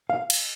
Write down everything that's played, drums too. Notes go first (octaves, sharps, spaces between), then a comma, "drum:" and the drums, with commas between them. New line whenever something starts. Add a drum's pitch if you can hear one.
F5
drum: cymbal